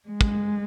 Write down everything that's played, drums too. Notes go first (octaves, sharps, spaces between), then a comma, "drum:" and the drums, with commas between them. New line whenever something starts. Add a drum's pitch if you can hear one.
G#3
drum: kick